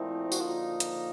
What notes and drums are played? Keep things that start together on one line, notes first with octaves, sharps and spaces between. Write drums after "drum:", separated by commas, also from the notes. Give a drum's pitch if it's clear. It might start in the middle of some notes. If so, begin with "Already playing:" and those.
Already playing: A#2 F3 A3 C4 D#4 E4
F#4, drum: tambourine
D3 F3 A#3 D#4 F4
drum: hi-hat